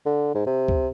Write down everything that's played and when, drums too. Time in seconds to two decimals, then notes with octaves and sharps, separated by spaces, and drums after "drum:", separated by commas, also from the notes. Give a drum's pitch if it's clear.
0.06 D3
0.35 G#2
0.47 C3
0.68 drum: kick